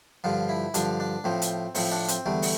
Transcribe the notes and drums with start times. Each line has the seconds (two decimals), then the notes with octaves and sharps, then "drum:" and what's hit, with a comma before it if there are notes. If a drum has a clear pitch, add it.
0.24 G2 D3 F3 F4
0.49 E4
0.74 G2 D3 F3 D4, drum: hi-hat
1.00 D4
1.24 A2 F3 C4
1.42 drum: hi-hat
1.75 A2 F3 C4, drum: open hi-hat
1.92 D4
2.08 C4, drum: hi-hat
2.26 E2 D3 G3 A3
2.42 drum: open hi-hat